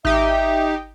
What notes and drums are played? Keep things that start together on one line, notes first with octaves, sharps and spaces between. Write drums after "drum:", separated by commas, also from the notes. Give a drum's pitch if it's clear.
D#4 G4 E5, drum: kick G#1